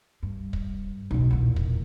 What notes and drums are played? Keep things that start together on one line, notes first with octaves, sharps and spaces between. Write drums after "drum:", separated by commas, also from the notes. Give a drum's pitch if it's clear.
G2
drum: kick
D1 B1
E2 A#2
drum: kick